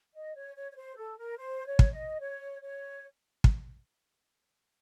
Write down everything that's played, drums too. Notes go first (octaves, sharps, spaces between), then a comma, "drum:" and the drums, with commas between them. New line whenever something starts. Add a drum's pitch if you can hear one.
D#5
C#5
C#5
C#5
C5
A4
A#4
C5
C#5
drum: kick
D#5
C#5
C#5
drum: kick